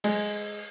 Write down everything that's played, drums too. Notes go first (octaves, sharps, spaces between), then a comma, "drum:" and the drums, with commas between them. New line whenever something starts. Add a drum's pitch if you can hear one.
G#3, drum: cymbal